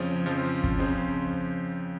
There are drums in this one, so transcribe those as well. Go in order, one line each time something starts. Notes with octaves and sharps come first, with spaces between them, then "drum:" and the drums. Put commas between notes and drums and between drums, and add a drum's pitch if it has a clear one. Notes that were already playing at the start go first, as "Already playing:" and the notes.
Already playing: F2 C#3 F3 C#5
F2 C#3 F3
drum: kick
F2 C#3 F3 C5